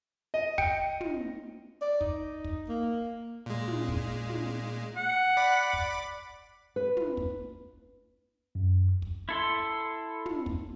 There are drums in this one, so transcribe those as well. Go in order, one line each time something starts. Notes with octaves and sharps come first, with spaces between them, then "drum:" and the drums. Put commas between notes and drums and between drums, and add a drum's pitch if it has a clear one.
D#5
G5 C#7, drum: kick
drum: tom
D5
D#4, drum: kick
drum: kick
A#3
A#2 G#3
drum: tom
drum: kick
drum: tom
F#5
D5 B5 D6
drum: kick
B4
drum: tom
drum: kick
F#2
drum: kick
E4 A4 C6
drum: tom
drum: kick